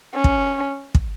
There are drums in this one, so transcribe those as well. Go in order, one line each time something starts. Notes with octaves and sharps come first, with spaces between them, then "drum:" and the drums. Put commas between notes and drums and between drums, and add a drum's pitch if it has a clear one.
C#4
drum: kick
drum: kick